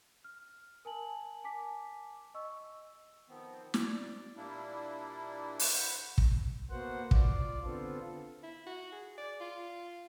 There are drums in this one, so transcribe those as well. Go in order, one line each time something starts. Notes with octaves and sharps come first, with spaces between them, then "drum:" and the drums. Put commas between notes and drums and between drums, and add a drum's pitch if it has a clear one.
F6
A#4 G#5 A5 F#7
G#5 A5 D6 B6
D#5 C#6 E6
D#3 F3 B3 C4
D5, drum: snare
A#2 G3 A#3 D4 E4
drum: open hi-hat
C5 F#5 B5
drum: kick
A#3 B3 F#4 C5 F#5
F4 D5, drum: kick
D3 B3 C4 F4 A4
E4
F#4
G#4
D5
F4